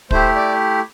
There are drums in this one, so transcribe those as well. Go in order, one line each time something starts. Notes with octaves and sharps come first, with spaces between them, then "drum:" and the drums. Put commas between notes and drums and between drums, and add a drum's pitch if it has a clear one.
A3 E4 G4 C5, drum: kick
D5